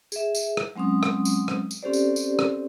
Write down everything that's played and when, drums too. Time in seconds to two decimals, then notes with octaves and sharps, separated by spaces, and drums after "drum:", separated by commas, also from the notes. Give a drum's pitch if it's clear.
0.12 G#4 E5, drum: tambourine
0.35 drum: tambourine
0.57 drum: rim click
0.76 F#3 G#3 C4 C#4 D#6
1.03 drum: rim click
1.25 drum: tambourine
1.48 drum: rim click
1.71 drum: tambourine
1.83 C4 C#4 G4 A4 C5 D5
1.93 drum: tambourine
2.16 drum: tambourine
2.39 drum: rim click